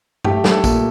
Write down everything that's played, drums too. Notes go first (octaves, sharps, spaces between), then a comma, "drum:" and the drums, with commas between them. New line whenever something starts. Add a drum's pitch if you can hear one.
A3 G4, drum: tom G2
A3, drum: snare
A4
A#2, drum: kick, tambourine